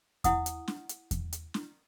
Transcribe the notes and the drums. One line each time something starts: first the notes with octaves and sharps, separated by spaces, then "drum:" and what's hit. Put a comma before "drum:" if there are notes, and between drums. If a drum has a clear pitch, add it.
E4 F#5 D#6, drum: kick E2, hi-hat
drum: hi-hat
drum: snare
drum: hi-hat
drum: kick E2, hi-hat
drum: hi-hat
drum: snare